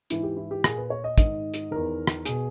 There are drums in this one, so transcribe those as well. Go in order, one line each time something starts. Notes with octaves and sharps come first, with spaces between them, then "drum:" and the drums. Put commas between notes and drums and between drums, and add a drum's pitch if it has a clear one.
G#2 E3 E4, drum: hi-hat
G4
E4
G4
A#2 G#4, drum: rim click
B4
C#5
D#5
G#2 D#3 D#5, drum: kick, hi-hat
drum: hi-hat
E2 D#3 A#4
drum: rim click
B2 G#4, drum: hi-hat